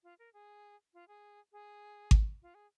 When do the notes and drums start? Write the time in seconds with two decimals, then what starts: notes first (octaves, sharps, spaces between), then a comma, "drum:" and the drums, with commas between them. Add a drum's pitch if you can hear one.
0.03 F4
0.19 A#4
0.33 G#4
0.94 F4
1.08 G#4
1.53 G#4
2.11 drum: kick G#1
2.42 F4
2.54 G#4